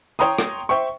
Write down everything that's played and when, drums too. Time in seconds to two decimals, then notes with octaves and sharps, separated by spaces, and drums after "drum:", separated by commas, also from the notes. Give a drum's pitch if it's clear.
0.19 C#5 G5 A#5 C6 D#6
0.39 drum: rim click
0.69 C5 E5 G5 C#6